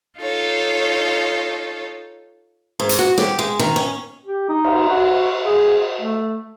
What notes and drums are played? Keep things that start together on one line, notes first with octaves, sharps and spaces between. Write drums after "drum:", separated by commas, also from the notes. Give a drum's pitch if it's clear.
D#4 F4 A4 C#5
G#2
drum: hi-hat
F#4
G4, drum: snare
G#3
D#3
C#4
G4
D#4
drum: cymbal
F#4
G#4
A3